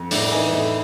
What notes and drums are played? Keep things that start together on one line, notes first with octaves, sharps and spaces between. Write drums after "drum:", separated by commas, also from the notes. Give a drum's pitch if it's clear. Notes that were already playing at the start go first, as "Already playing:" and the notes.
Already playing: F2
A2 D4, drum: open hi-hat
E3 D#4
A2 D#4